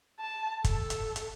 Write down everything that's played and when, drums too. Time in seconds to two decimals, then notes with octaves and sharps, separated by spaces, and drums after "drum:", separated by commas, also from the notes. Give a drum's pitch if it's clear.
0.20 A5
0.64 A4, drum: kick, hi-hat
0.90 drum: hi-hat
1.16 drum: hi-hat